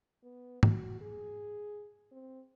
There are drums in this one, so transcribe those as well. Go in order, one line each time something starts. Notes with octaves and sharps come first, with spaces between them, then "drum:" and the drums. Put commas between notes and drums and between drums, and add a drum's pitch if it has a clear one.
B3
F#4, drum: tom G#2
G#4
C4